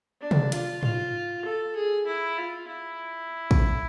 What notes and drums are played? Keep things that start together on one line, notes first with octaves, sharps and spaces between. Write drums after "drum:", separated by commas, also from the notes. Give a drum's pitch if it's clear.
D4
drum: tom C3
F4, drum: hi-hat
F4, drum: tom G#2
A4
G#4
E4
F4
E4
drum: kick